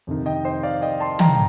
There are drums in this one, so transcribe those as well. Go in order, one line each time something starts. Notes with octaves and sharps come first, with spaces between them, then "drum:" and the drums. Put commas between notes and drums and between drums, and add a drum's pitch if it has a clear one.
F2 C3 D#3
D#5 G5
C5 D#5
D5 F5
D#5 G5
A5 C6
G5 A#5, drum: tom